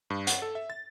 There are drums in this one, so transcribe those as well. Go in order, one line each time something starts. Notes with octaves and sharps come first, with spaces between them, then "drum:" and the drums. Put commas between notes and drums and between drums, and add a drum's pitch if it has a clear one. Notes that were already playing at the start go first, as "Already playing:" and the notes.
G2
F#5, drum: hi-hat
A4
E5
A6